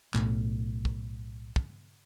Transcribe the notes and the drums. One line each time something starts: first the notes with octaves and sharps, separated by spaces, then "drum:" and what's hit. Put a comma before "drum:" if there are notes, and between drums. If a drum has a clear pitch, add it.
B1 A2, drum: clap
drum: kick
drum: kick